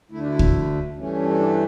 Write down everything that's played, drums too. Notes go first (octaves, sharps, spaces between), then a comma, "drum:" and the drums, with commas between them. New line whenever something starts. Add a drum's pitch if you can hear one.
D2 D3 A3 E4
D4
E4
drum: kick
G2 E3 A3 C#4
C#4
D4